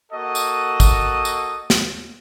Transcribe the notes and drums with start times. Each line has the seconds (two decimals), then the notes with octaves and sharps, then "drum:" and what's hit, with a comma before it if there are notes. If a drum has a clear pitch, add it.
0.12 A#3 F#4 A4 D#5
0.35 drum: tambourine
0.80 drum: kick, tambourine
1.25 drum: tambourine
1.70 drum: snare